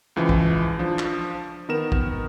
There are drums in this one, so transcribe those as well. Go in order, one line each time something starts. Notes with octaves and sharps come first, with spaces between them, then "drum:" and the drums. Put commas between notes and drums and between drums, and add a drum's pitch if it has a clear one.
C#2 E3 F3
drum: kick
F3 D4
drum: clap
D#3 B3 A#4 E7
drum: kick